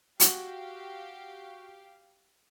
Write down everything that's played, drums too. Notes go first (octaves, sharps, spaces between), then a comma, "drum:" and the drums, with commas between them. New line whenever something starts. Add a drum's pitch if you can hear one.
F#4 G4 F5, drum: hi-hat